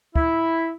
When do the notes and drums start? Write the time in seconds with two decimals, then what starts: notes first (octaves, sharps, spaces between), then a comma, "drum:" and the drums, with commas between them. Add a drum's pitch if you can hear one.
0.16 E4, drum: kick